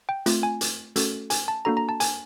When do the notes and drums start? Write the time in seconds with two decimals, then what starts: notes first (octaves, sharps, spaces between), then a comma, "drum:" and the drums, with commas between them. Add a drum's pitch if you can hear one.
0.09 G5
0.26 A3 C4 F4, drum: hi-hat
0.43 G#5
0.61 drum: hi-hat
0.96 A3 C#4 F#4 A4, drum: hi-hat
1.30 G#5, drum: hi-hat
1.48 A5
1.65 A#3 D4 F#4 A4 A#5
1.77 A#5
1.89 A5
2.00 G#5, drum: hi-hat